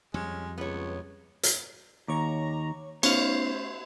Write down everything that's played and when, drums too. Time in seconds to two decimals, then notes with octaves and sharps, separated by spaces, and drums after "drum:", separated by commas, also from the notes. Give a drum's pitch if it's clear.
0.14 F2 G3 G#3 C#4
0.58 C#2 B3 C#5
1.43 drum: hi-hat
2.08 D#2 C#5 A#5 C#6 D6
3.03 A3 B3 C#4 D#4 C5 C#5 F5, drum: cymbal